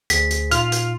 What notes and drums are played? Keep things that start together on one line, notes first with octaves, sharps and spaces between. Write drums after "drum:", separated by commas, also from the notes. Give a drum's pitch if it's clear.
D2 G#4 C5 B6, drum: hi-hat
drum: hi-hat
A#2 D#4 F4 F6, drum: hi-hat
drum: hi-hat